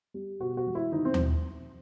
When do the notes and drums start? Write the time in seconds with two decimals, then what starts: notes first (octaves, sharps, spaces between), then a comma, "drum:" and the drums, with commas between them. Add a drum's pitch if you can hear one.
0.14 G3
0.40 B2 F#4
0.57 F#4
0.66 E1
0.75 E4
0.92 D#3 D#4
1.05 C4
1.14 drum: tom D#2